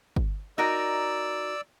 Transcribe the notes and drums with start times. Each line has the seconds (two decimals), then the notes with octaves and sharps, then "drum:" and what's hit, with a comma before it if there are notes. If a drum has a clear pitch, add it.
0.16 drum: kick G1
0.58 D#4 F#4 A#4 D5 E6